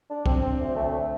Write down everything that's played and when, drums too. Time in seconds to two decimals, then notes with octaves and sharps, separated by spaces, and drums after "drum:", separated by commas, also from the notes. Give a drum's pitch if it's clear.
0.09 D4
0.26 C4, drum: kick
0.42 C4
0.59 D2
0.75 A3
0.93 A3